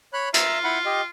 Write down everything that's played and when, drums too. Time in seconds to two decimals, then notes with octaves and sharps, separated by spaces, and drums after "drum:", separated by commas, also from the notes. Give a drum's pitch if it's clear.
0.13 C#5 B5 F#6
0.34 F4 E5 A#5, drum: hi-hat
0.64 E4 F#5 B5
0.86 G4 D#5